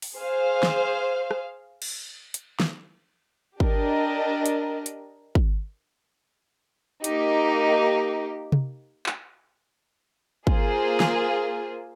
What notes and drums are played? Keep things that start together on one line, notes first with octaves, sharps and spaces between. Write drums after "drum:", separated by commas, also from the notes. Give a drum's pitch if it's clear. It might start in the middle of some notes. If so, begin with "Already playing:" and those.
drum: open hi-hat
G#4 C5 F5
drum: snare
drum: rim click
drum: cymbal
drum: hi-hat
drum: snare
D4 G4 A#4 D#5, drum: kick G#1
drum: hi-hat
drum: hi-hat
drum: kick G#1
A#3 D#4 G4, drum: hi-hat
drum: tom C3
drum: clap
A#3 F4 G#4 C5, drum: kick G#1
drum: snare